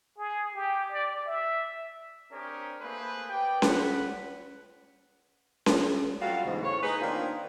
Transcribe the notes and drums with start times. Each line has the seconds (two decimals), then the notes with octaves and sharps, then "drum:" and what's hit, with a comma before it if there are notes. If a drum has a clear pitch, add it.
0.18 G#4
0.55 G4
0.91 D5
1.26 E5
2.32 C4 D4 G4 G#4 A#4 C#5
2.81 A3 A#3 C4 G#4 B4 C5
3.29 G4 B4 D5 G5
3.62 B4 F#5, drum: snare C#4
5.66 drum: snare C#4
6.21 F#3 G3 A3 F4 F#4 F5
6.45 E2 G#2 C#3
6.62 A2 C#5
6.83 D#4 G#4 B4
7.01 D#3 A#3 C4 D4 F4